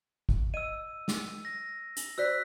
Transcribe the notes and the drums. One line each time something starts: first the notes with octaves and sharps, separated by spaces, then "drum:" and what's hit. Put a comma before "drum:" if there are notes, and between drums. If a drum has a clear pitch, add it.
drum: kick
D#5 E6 D#7
drum: snare
A#6
drum: hi-hat
F#4 C5 D5 E6 F#6 B6